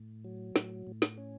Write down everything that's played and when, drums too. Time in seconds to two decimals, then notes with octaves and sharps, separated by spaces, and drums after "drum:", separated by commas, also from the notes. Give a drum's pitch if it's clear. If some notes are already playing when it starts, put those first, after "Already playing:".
Already playing: A2
0.24 F#3
0.56 A2, drum: snare
0.87 A2
1.02 drum: snare
1.17 C#4